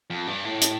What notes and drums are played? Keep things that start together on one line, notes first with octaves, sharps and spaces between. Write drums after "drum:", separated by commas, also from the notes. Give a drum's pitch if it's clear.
F2
G2
A2
drum: hi-hat